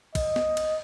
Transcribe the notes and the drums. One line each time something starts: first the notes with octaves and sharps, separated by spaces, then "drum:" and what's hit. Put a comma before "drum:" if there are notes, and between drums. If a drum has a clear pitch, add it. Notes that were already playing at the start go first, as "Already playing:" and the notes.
D#5, drum: kick, cymbal
drum: snare
drum: cymbal